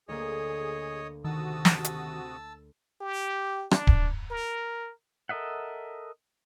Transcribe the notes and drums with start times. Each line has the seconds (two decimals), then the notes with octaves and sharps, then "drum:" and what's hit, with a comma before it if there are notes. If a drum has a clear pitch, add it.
0.09 D2 A#3 G#4 C#5 D#5
1.25 C3 D#3 F#4 A5 D#6 E6
1.65 drum: snare
1.84 drum: hi-hat
3.01 G4
3.71 D4, drum: rim click
3.87 drum: kick D1
4.31 A#4
5.29 A4 A#4 D#5 E5 F#5